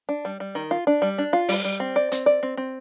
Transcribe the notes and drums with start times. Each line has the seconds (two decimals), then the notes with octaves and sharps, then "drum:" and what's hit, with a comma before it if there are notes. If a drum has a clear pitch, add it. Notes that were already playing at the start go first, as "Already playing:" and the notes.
0.09 D4
0.25 G3
0.40 G3
0.55 D#3
0.71 F4
0.87 D4
1.02 G3
1.18 D4
1.33 F4
1.49 G3, drum: open hi-hat
1.65 G3
1.80 C4
1.96 D5
2.12 C4, drum: hi-hat
2.26 D5
2.43 C4
2.57 C4